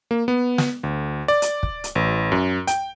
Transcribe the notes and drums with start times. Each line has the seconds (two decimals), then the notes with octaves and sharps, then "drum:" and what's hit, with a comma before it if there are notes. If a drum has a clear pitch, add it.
0.11 A#3
0.28 B3
0.58 drum: snare
0.83 D2
1.28 D5
1.42 drum: hi-hat
1.63 drum: kick
1.84 drum: hi-hat
1.95 A1
2.32 F#2
2.67 G5, drum: hi-hat